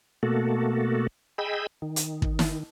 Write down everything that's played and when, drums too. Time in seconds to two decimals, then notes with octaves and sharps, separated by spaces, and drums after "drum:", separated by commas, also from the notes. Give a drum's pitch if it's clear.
0.23 B2 A3 A#3 F#4 A4
1.38 G#4 D#5 G5 B5 E6
1.82 D#3
1.96 drum: hi-hat
2.22 drum: kick
2.39 drum: snare